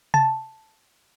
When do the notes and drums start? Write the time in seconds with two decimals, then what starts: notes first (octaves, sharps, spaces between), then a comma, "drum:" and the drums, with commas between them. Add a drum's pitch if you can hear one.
0.14 A5, drum: tom C3